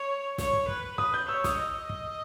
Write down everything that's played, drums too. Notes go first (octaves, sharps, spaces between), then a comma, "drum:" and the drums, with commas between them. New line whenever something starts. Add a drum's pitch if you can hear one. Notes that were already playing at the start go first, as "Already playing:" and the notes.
Already playing: C#5
C#5, drum: snare
drum: kick
B4, drum: kick
B4 D#6, drum: kick
G6
C#5 E6
D#6, drum: snare
D#5
drum: kick